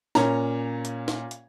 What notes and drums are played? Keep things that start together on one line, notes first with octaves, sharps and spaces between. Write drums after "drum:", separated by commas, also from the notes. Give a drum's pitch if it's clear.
A#2 C#4 C#5 A#5, drum: snare
drum: hi-hat
drum: snare
drum: hi-hat